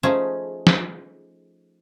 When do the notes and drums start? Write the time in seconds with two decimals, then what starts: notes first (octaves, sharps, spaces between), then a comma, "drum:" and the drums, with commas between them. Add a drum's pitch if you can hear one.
0.03 F3 A3 C#4 D#4 G#4
0.67 drum: snare